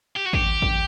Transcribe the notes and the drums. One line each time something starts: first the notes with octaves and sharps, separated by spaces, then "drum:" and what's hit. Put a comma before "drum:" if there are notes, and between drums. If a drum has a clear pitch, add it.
G4
F#4
G4, drum: kick
drum: kick